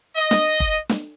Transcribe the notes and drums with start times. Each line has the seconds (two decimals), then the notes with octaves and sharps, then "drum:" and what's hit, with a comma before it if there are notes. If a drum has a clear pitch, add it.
0.16 D#5
0.31 drum: snare
0.60 drum: kick
0.89 drum: snare